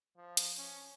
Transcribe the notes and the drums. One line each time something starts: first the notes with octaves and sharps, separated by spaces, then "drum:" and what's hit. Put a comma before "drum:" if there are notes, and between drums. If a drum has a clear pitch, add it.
F3
drum: hi-hat
C#4